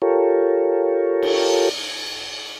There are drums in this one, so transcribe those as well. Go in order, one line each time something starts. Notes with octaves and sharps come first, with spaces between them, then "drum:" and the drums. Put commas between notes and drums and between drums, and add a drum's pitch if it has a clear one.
F4 G4 A4 A#4 C#5
drum: cymbal